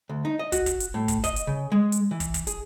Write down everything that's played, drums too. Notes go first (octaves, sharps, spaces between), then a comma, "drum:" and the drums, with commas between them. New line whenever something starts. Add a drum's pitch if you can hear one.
D2
D#4
D#5
F#4, drum: kick, hi-hat
drum: kick, hi-hat
drum: hi-hat
A2
drum: kick, hi-hat
D#5, drum: kick, hi-hat
drum: hi-hat
C#3
G#3
drum: hi-hat
E3
drum: kick, hi-hat
drum: kick, hi-hat
G#4, drum: hi-hat